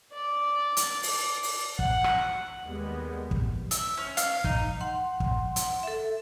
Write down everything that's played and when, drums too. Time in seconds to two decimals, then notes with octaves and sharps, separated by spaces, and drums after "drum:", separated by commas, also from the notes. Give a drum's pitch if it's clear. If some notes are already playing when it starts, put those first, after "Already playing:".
0.13 D5
0.77 drum: hi-hat
1.03 drum: open hi-hat
1.43 drum: open hi-hat
1.79 F#5, drum: kick
2.04 drum: rim click
2.64 D#2 G3 G#3 B3
3.31 drum: kick
3.71 E5, drum: hi-hat
3.97 C#4
4.17 F5, drum: hi-hat
4.44 D#4, drum: kick
4.80 F#5 C6
5.20 drum: kick
5.56 drum: hi-hat
5.83 A4 E5